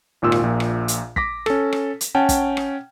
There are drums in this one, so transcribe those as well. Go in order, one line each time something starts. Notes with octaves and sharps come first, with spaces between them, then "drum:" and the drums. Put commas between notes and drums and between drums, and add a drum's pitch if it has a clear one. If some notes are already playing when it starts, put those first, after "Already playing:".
G#1 D#2 A#2 F4 E6
drum: rim click
A#1 A#2
drum: rim click
drum: hi-hat
D6 A#6 B6, drum: kick
C#4 A4, drum: rim click
drum: rim click
drum: hi-hat
C#4 F#5 G5 A5
drum: kick, hi-hat
drum: rim click